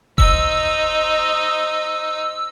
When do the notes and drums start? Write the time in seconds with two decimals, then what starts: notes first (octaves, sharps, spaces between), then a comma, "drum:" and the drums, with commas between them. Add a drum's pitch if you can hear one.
0.18 D#4 C5 D#5 E6, drum: kick F1